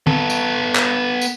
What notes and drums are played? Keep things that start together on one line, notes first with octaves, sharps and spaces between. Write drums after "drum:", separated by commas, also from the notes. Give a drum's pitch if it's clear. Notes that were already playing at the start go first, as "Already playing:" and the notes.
B3 A4, drum: tom
drum: tambourine
drum: clap
drum: tambourine